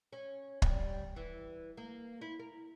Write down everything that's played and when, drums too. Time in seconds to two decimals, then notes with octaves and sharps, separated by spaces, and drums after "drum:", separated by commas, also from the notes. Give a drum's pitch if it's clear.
0.13 C#4
0.62 G3, drum: kick
1.16 E3
1.77 A#3
2.21 E4
2.39 A#4